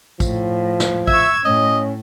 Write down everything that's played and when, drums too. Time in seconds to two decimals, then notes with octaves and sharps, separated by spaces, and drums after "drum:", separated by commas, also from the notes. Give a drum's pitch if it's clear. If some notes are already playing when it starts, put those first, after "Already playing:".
0.20 A2 F3, drum: kick, tambourine
0.80 drum: snare
1.08 E5 C#6 E6 G#6, drum: kick
1.45 A2 C#4 D#5